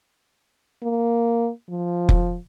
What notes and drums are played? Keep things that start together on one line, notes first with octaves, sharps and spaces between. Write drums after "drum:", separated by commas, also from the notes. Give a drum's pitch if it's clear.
A#3
F3
drum: kick F1